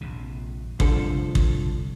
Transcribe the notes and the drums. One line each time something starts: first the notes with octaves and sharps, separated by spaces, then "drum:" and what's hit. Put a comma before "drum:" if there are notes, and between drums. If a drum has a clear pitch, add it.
A#1 F2 C3
C2 D3 F3 A4, drum: kick
drum: kick